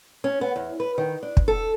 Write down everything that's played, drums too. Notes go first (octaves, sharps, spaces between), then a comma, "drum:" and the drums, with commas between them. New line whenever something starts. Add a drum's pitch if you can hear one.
C#4
B3
E2
B4
D#3
D4
drum: kick
A4